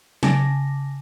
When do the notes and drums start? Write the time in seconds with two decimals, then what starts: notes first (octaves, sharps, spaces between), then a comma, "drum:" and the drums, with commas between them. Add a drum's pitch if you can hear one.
0.23 C#3 G#5 A5 D6 A#6, drum: snare